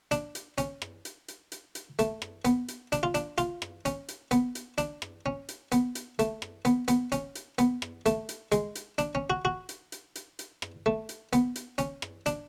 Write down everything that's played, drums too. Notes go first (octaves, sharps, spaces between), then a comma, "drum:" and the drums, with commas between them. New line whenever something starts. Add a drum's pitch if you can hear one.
D4, drum: hi-hat
drum: hi-hat
C#4, drum: hi-hat
drum: rim click
drum: hi-hat
drum: hi-hat
drum: hi-hat
drum: hi-hat
A3, drum: hi-hat
drum: rim click
B3, drum: hi-hat
drum: hi-hat
D4, drum: hi-hat
F4
D4, drum: hi-hat
F4, drum: hi-hat
drum: rim click
C#4, drum: hi-hat
drum: hi-hat
B3, drum: hi-hat
drum: hi-hat
D4, drum: hi-hat
drum: rim click
C#4
drum: hi-hat
B3, drum: hi-hat
drum: hi-hat
A3, drum: hi-hat
drum: rim click
B3, drum: hi-hat
B3, drum: hi-hat
C#4, drum: hi-hat
drum: hi-hat
B3, drum: hi-hat
drum: rim click
A3, drum: hi-hat
drum: hi-hat
G#3, drum: hi-hat
drum: hi-hat
D4, drum: hi-hat
C#4
F#4
F#4
drum: hi-hat
drum: hi-hat
drum: hi-hat
drum: hi-hat
drum: rim click
A3
drum: hi-hat
B3, drum: hi-hat
drum: hi-hat
C#4, drum: hi-hat
drum: rim click
D4, drum: hi-hat